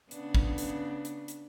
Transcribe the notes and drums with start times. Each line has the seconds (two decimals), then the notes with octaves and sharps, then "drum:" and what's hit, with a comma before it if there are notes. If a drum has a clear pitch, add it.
0.11 C#3 B3 D4, drum: hi-hat
0.35 drum: kick
0.58 drum: hi-hat
1.05 drum: hi-hat
1.28 drum: hi-hat